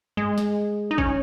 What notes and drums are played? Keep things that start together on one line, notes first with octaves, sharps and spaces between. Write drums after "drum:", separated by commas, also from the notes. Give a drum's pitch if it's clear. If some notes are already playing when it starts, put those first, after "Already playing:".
G#3, drum: tom G2
drum: snare
D#4
C#4, drum: kick